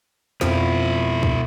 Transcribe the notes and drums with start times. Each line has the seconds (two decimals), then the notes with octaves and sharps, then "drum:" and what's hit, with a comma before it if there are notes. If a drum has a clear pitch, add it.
0.41 F2 B2 F3 E4, drum: snare
1.23 drum: kick